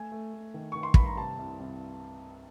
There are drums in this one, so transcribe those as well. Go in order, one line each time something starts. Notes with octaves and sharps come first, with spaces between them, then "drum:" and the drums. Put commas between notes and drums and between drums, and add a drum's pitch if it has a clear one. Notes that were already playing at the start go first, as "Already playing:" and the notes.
Already playing: A3 G#5
A3
A3
D#3
D#3 C#6
C6
G2 B5, drum: kick
A#5
C3 A5
C2
C2